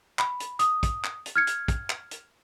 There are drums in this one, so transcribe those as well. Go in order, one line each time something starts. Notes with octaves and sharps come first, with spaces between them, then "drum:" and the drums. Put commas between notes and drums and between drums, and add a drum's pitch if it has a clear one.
B5, drum: clap
drum: hi-hat
D#6, drum: hi-hat
drum: kick, hi-hat
drum: clap
drum: hi-hat
F6 G#6 C#7
drum: hi-hat
drum: kick, hi-hat
drum: clap
drum: hi-hat